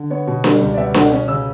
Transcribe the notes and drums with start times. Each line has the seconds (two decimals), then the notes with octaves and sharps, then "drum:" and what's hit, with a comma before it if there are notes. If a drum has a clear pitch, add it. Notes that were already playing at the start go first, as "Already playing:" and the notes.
Already playing: D3
0.10 B3 C#5
0.27 B2
0.44 G3, drum: snare D4
0.61 C#2
0.73 D5
0.77 B3 E5
0.94 B2 F#5, drum: snare D4
1.12 C#4
1.28 C#3 E6